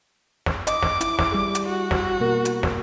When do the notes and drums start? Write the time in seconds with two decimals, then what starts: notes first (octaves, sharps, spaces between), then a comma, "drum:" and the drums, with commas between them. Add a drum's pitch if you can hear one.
0.46 drum: snare
0.67 D#5 D6, drum: hi-hat
0.83 drum: snare
1.01 E4, drum: hi-hat
1.19 drum: snare
1.32 G3 G#4
1.55 drum: hi-hat
1.65 F#4
1.91 drum: snare
2.20 B2 A#3 A#4
2.45 drum: hi-hat
2.63 drum: snare